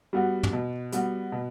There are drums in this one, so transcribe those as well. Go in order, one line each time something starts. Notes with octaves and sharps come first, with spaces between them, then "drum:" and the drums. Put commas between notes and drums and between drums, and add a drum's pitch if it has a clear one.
G3 B3 F#4
drum: tom
B2
G3 B3 F#4, drum: hi-hat
B2